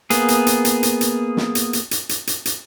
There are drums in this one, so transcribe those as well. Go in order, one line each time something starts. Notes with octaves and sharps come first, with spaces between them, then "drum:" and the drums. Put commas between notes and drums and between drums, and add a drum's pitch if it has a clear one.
A#3 B3 G#4, drum: hi-hat
drum: hi-hat
drum: hi-hat
drum: hi-hat
drum: hi-hat
drum: hi-hat
drum: snare
drum: hi-hat
drum: hi-hat
drum: hi-hat
drum: hi-hat
drum: hi-hat
drum: hi-hat